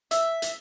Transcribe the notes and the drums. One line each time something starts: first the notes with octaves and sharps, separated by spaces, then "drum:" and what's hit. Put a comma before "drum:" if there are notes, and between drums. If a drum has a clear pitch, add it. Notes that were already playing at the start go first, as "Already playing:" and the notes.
E5, drum: hi-hat
drum: hi-hat